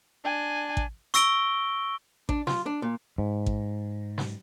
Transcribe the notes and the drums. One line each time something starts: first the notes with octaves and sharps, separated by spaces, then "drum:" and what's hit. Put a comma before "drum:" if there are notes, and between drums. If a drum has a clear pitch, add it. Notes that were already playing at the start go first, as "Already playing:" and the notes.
D4 G#5
drum: kick A1
C#6 E6 A#6 D7 G7, drum: hi-hat
D4, drum: kick A1
F4, drum: snare
D4
A#2
G#2
drum: kick A1
drum: snare